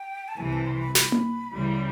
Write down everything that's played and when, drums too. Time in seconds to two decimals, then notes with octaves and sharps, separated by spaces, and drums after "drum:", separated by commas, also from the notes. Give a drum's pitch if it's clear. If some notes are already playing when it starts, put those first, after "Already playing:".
Already playing: G5
0.28 A5
0.37 C2 C3 E3 G#5
0.53 A5
0.66 C6
0.81 B5
0.95 B5, drum: snare
1.12 drum: tom A#3
1.53 C#2 C#3 E3 G3